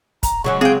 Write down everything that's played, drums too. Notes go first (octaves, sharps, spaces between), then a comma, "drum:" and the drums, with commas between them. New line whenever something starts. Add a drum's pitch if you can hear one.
A#5, drum: kick, hi-hat
C#3 F#3 G#3 C#6
C4 G#4 F5 G5